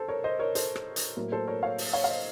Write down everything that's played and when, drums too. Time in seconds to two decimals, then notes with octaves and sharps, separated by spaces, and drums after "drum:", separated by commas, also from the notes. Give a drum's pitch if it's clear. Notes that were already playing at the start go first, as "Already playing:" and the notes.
Already playing: A4 C5
0.08 A#4 C#5
0.24 C5 D#5
0.39 A#4 C#5
0.55 A4 C5, drum: hi-hat
0.76 drum: rim click
0.96 drum: hi-hat
1.17 A2 F#3 A#3
1.32 A4 C5
1.48 A#4 C#5
1.63 C#5 F5
1.78 drum: open hi-hat
1.93 C#5 F5
2.04 F5
2.09 C5 D#5